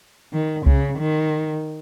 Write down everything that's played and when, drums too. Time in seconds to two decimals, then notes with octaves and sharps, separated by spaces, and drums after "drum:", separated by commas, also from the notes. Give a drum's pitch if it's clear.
0.33 D#3
0.66 C#3, drum: kick C2
0.99 D#3